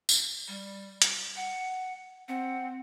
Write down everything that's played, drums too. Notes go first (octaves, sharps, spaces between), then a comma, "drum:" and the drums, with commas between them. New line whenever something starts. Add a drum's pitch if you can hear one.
drum: tambourine
G3
drum: hi-hat
F#5
C4 F#5